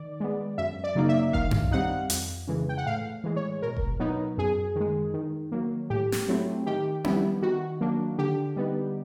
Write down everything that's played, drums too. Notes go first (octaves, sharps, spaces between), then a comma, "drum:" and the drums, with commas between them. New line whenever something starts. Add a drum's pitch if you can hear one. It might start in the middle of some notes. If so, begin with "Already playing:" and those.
Already playing: D#3 D5
G#3 B3
F#2 E5
D5
C#3 F#3 A#3 D#4
E5
D#3 F5, drum: kick F1
drum: tom F#2
G3 C4 D#4 F#5
F2, drum: hi-hat
C#3 E3 G#3
G5
F#5
A2 F5
E3 G#3
C#5
B2 A#4
drum: kick F1
F#3 B3 D#4
F#2 G#4
D#3 G#3
D#3
F#3 A#3
A2 G4
drum: snare
F#3 A3 C4 E4
D#3 G4
G3 B3 E4, drum: tom C4
D#3 F#4
F#3 A#3 D4
D3 G4
G3 B3 D#4